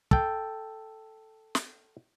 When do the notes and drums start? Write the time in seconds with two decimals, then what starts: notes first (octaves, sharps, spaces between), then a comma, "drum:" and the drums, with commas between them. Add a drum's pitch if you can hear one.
0.11 A4 G5, drum: kick
1.55 drum: snare